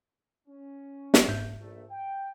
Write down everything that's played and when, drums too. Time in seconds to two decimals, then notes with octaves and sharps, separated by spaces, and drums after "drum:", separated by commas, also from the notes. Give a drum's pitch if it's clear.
0.48 C#4
1.14 drum: snare
1.28 G#2 E5 G6
1.59 A#1 A3
1.90 G5